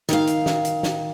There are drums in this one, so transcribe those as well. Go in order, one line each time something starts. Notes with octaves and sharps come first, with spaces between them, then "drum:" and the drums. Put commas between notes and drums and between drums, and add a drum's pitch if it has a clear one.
D#3 F5, drum: snare
drum: hi-hat
drum: snare
drum: hi-hat
drum: snare